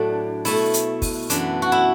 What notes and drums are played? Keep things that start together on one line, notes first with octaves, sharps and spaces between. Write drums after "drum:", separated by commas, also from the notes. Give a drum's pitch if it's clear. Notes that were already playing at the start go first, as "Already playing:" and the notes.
Already playing: A2 F#3 A3 D4
B2 A3 E4, drum: open hi-hat
drum: hi-hat
drum: kick, open hi-hat
F#2 E3 B3 D4, drum: hi-hat
F#4
E4